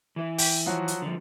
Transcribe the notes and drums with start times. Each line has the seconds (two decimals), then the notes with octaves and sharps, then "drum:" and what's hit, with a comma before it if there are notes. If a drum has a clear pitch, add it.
0.16 E3 E4
0.38 G5, drum: open hi-hat
0.66 F3 F#3 F#4
0.88 drum: hi-hat
1.02 D3 F3